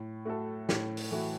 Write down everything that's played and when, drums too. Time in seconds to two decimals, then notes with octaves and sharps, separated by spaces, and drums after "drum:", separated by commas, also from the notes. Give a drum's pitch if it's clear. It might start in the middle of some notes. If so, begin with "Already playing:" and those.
Already playing: A2
0.25 A3 F#4 A4
0.69 A2, drum: snare
0.97 drum: open hi-hat
1.11 E3 A3 F#4